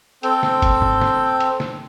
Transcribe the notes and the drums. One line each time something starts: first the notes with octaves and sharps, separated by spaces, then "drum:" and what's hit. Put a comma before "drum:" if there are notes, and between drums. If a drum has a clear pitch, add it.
C4 A4 G5, drum: hi-hat
drum: snare
drum: kick F#1, hi-hat
drum: tom G2
drum: snare
drum: hi-hat
drum: snare